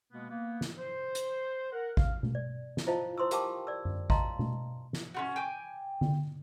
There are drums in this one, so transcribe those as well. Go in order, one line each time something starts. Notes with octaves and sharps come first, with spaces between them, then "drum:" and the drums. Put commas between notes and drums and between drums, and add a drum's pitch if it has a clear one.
B2 G#3 A#3 B3
A#3 B3
drum: snare
C5
drum: hi-hat
A#4 F#5
F5, drum: kick A1
drum: tom B2
D5
drum: snare
E4 F4 C5 D#5 F5 A5
E4 C5 C6 D#6 E6
G4 A#4 F5 G5 A5 D6, drum: hi-hat
D5 E6
drum: tom F#2
D#5 F5 A5 A#5 C6, drum: kick A1
drum: tom B2
drum: snare
C#4 F4 F#4
G5 G#5 D6
drum: tom D3